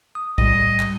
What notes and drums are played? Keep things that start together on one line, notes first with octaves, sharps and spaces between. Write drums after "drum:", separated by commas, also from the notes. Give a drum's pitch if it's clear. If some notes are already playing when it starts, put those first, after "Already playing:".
D#6
A2 G3 D#5, drum: kick
drum: clap